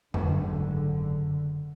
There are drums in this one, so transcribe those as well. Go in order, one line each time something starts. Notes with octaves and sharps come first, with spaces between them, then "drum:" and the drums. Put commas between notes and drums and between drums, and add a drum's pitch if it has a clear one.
F#1 G#2 D3, drum: tom F2